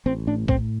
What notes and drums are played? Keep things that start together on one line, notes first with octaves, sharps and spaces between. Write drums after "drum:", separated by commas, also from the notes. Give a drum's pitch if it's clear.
A1 C4
A2 D4
A2 C4, drum: kick A#1